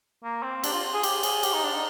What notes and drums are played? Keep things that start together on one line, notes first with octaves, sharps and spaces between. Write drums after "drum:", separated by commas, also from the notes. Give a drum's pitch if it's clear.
A#3
C4
D4, drum: cymbal
F4
G#4
G4, drum: cymbal
G#4, drum: cymbal
G4, drum: cymbal
D#4
D4
D#4